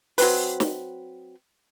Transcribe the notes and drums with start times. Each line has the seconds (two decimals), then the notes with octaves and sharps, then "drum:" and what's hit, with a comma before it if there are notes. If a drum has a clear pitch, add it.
0.18 F#3 C4 B4, drum: open hi-hat
0.60 drum: snare